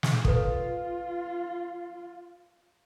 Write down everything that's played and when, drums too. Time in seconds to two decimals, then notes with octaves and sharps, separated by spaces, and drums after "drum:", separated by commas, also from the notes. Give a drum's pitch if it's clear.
0.03 drum: snare
0.25 F4 A4 B4, drum: kick